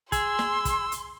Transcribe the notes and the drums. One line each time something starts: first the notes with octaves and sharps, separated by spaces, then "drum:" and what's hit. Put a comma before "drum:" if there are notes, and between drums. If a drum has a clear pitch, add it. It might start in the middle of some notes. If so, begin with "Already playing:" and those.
G#4 C6 E6, drum: kick, hi-hat
drum: snare
drum: kick, hi-hat
drum: hi-hat